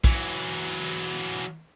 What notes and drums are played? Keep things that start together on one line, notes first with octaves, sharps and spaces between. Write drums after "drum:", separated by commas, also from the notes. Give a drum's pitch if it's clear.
E3 F#3, drum: kick
drum: hi-hat